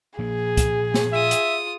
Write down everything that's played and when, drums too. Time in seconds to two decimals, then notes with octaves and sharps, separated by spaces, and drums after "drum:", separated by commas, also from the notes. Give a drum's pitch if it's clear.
0.19 A#2 F3 A#3 G#4
0.57 drum: kick, hi-hat
0.94 drum: snare
1.13 F4 E5 D#6
1.31 drum: hi-hat